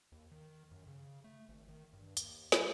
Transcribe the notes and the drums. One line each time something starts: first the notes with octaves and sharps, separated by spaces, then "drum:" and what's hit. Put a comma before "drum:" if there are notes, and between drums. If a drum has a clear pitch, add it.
D#2
D#3
F#2
C#3
A3
G#1
D#3
G2
D#2, drum: hi-hat
F#3, drum: snare